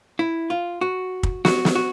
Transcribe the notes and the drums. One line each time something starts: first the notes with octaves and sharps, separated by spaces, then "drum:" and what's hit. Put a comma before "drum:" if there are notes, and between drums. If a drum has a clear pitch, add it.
E4
F4
F#4
drum: kick
F#4, drum: snare
drum: snare
F#4